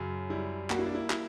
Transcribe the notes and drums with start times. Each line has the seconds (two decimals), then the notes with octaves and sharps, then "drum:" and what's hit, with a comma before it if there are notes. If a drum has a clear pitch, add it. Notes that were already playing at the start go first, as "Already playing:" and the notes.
Already playing: F#2 C#3
0.30 G3 E4
0.70 A#3 F#4, drum: clap
0.79 E4
0.86 D4
0.95 E4
1.10 E4, drum: clap